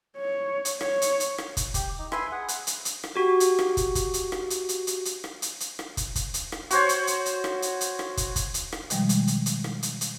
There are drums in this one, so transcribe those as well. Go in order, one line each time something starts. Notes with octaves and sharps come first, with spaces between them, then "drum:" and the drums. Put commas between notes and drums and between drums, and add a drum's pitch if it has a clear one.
C#5
drum: hi-hat
C#5, drum: rim click
drum: hi-hat
drum: hi-hat
drum: rim click
drum: kick, hi-hat
G4, drum: kick, hi-hat
D#4
B4 E5 G#5 C6, drum: rim click
G#4 F#5
drum: hi-hat
drum: hi-hat
drum: hi-hat
drum: rim click
F#4 G4
drum: hi-hat
drum: rim click
drum: kick, hi-hat
drum: kick, hi-hat
drum: hi-hat
drum: rim click
drum: hi-hat
drum: hi-hat
drum: hi-hat
drum: hi-hat
drum: rim click
drum: hi-hat
drum: hi-hat
drum: rim click
drum: kick, hi-hat
drum: kick, hi-hat
drum: hi-hat
drum: rim click
F#4 C5 C#5, drum: hi-hat
drum: hi-hat
drum: hi-hat
drum: hi-hat
drum: rim click
drum: hi-hat
drum: hi-hat
drum: rim click
drum: kick, hi-hat
drum: kick, hi-hat
drum: hi-hat
drum: rim click
B2 D#3 F3 G3 G#3, drum: hi-hat
drum: hi-hat
drum: hi-hat
drum: hi-hat
drum: rim click
drum: hi-hat
drum: hi-hat